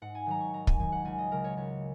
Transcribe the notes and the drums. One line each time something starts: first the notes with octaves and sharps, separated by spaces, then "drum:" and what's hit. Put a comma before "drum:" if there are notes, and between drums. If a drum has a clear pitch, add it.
G#2 F#5
G#5
D#3 F#3 A#5
C#6
G#2 A#5
G#5, drum: kick
D#3 F#3 G#5
F#5
C#2 G#5
D#5
C#3 F#3 A#4
C#5
C#2 C#5